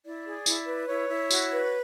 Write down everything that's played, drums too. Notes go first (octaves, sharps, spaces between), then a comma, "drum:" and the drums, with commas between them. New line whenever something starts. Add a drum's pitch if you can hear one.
E4 D5
G#4
E4, drum: tambourine
B4
E4 C#5
E4
F#4, drum: tambourine
B4